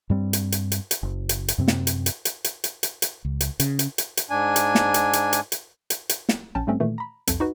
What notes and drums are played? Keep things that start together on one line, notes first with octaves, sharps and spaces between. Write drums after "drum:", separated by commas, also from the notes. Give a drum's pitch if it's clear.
G2 G3 C4
drum: hi-hat
drum: hi-hat
drum: hi-hat
drum: hi-hat
F#1
drum: hi-hat
drum: hi-hat
F#2 C3 C4
drum: snare
drum: hi-hat
drum: hi-hat
drum: hi-hat
drum: hi-hat
drum: hi-hat
drum: hi-hat
drum: hi-hat
C#2
drum: hi-hat
C#3, drum: hi-hat
drum: hi-hat
drum: hi-hat
drum: hi-hat
G#2 D4 G#5
drum: hi-hat
drum: snare
drum: hi-hat
drum: hi-hat
drum: hi-hat
drum: hi-hat
drum: hi-hat
drum: hi-hat
drum: snare
A#1 C#4 G5 A5
G#2 G3 A3 C4 C#4
A#2 D#3 E3 A3
A#5 B5
C2 F2 A4, drum: hi-hat
D#4 F#4 B4